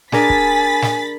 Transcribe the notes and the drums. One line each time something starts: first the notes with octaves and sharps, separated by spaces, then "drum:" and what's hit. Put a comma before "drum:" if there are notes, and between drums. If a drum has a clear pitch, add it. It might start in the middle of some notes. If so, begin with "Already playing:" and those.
D4 G#4 A#4 G#5 B5 A6 B6, drum: snare
drum: kick
drum: snare